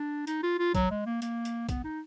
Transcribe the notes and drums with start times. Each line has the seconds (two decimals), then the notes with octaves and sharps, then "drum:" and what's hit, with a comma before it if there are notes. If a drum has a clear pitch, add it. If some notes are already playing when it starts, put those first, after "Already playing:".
Already playing: D4
0.27 D#4, drum: hi-hat
0.43 F4
0.59 F4
0.75 F#3, drum: kick, hi-hat
0.91 G#3
1.06 A#3
1.22 A#3, drum: hi-hat
1.45 drum: hi-hat
1.69 B3, drum: kick, hi-hat
1.84 D#4